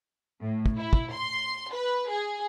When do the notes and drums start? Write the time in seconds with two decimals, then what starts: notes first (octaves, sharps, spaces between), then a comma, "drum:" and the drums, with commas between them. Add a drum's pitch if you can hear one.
0.42 A2
0.66 drum: kick
0.77 E4
0.93 drum: kick
1.13 C6
1.72 B4
2.11 G#4